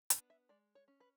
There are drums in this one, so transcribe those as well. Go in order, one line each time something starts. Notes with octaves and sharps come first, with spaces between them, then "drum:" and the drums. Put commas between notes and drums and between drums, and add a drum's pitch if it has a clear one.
B3 D4 F#5, drum: hi-hat
E5
G#3 D5
C#5
C#4
B4